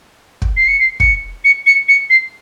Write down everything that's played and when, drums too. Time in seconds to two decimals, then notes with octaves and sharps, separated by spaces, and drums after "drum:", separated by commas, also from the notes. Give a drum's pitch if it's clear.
0.42 drum: kick
0.56 C7
0.68 C#7
0.79 C7
1.00 C#7, drum: kick
1.44 C#7
1.66 C#7
1.88 C#7
2.10 C7